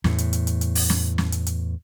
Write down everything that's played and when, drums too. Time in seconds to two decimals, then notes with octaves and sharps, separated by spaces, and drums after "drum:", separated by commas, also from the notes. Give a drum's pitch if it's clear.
0.04 E2 A2, drum: snare
0.18 drum: hi-hat
0.33 drum: hi-hat
0.47 drum: hi-hat
0.61 drum: hi-hat
0.75 drum: open hi-hat
0.90 drum: snare
1.18 drum: snare
1.32 drum: hi-hat
1.47 drum: hi-hat